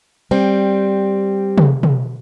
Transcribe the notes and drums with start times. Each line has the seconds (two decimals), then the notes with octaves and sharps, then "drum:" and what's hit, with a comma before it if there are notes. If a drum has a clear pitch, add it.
0.31 G3 C4
1.58 drum: tom
1.83 drum: tom